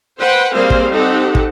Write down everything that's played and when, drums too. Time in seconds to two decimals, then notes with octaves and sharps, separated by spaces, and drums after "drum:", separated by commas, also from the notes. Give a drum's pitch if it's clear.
0.19 B4 C5 F#5 G5
0.54 G3 A#3 C4 G#4 C5 F5
0.70 drum: kick
0.92 C4 D#4 G4 A4 F#5
1.35 drum: kick